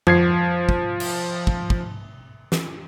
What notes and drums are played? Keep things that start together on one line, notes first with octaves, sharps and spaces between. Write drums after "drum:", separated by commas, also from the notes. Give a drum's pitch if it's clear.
F3 G#6 C7, drum: tom F2
drum: kick
drum: cymbal
drum: kick
drum: kick
drum: snare